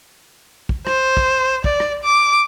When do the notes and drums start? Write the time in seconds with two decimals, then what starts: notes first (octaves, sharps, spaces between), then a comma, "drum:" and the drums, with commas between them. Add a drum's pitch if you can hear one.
0.69 drum: kick
0.87 C5, drum: rim click
1.17 drum: kick
1.64 D5, drum: kick
1.80 drum: rim click
2.04 D6